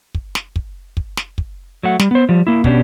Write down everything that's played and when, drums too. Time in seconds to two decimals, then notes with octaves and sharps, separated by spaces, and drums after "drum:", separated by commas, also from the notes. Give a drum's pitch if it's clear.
0.15 drum: kick
0.35 drum: snare
0.56 drum: kick
0.97 drum: kick
1.17 drum: snare
1.38 drum: kick
1.83 F#3 A3 F#5
1.99 G3, drum: snare
2.11 B3 C5
2.29 F3 G3
2.47 A#3 E4
2.64 B2 B3 C#4 D4 F#4 G4, drum: kick